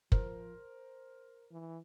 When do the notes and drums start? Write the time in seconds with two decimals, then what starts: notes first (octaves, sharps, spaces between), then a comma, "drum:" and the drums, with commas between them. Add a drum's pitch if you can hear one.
0.12 F3 A#4 C5, drum: kick
1.51 E3